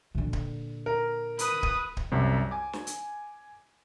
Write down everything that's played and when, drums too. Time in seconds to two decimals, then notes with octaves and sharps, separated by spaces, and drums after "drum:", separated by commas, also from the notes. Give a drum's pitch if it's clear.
0.15 A#2 D3
0.33 drum: kick D1
0.86 A#4
1.39 B4 D#6, drum: hi-hat
1.63 drum: kick D1
1.97 drum: kick D1
2.12 C2 F#2 C3
2.51 G#5 D6
2.73 drum: snare
2.87 drum: hi-hat